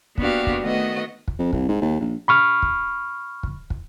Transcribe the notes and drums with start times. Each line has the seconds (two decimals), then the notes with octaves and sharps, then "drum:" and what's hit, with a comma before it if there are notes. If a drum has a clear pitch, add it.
0.18 A#3 B3 D4 F#4 G4 F5, drum: kick
0.47 drum: kick
0.62 D#3 A3 B3 F#4 D#5
1.28 drum: kick
1.39 F2
1.53 C2, drum: kick
1.69 G#2
1.82 D#2
2.00 A#1
2.28 B5 C#6 F6
2.62 drum: kick
3.43 drum: kick
3.70 drum: kick